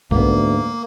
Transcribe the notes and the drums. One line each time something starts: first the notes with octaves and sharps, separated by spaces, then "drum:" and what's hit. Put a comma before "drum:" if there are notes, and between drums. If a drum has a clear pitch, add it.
D2 G#2 A#3 B3, drum: kick B1